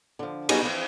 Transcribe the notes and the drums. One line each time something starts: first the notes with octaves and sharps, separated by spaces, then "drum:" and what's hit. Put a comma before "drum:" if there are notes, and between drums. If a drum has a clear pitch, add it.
D3 F3
F#3 G3 B3 C#4 D#4 G#4, drum: cymbal
E3 F3 C4